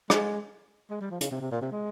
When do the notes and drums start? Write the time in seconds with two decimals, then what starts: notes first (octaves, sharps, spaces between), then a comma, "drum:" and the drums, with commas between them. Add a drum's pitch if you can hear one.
0.10 G#3, drum: rim click
0.91 G#3
1.01 G3
1.11 F3
1.21 C#3, drum: hi-hat
1.31 C3
1.41 C3
1.52 A#2
1.61 C3
1.72 G#3